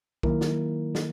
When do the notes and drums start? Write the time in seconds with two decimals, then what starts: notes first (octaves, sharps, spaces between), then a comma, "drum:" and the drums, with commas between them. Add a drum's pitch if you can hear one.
0.23 D#3 F#3 A#3 E4 A#4, drum: kick B1
0.41 drum: snare
0.95 drum: snare